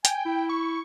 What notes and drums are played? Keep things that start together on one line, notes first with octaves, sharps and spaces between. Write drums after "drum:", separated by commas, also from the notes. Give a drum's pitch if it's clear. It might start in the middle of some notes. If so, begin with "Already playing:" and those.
G5 G#5, drum: hi-hat
E4
C#6